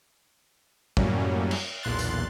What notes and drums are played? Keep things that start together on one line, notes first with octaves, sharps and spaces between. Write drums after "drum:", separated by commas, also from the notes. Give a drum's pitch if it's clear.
F#2 A2 F#3 G3 A#3 C#4, drum: kick
drum: cymbal
B1 E2 A#2 C6 F#6 A6
drum: tambourine